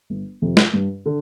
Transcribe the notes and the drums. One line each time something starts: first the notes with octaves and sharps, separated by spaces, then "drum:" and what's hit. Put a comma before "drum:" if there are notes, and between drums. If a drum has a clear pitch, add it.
G1
F2 C3
drum: snare
G2
D3